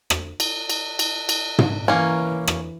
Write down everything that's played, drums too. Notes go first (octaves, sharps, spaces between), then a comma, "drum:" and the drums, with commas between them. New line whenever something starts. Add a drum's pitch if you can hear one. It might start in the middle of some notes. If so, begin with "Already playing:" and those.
drum: rim click
drum: cymbal
drum: cymbal
drum: cymbal
drum: cymbal
drum: tom
E3 A#3 C#4
drum: rim click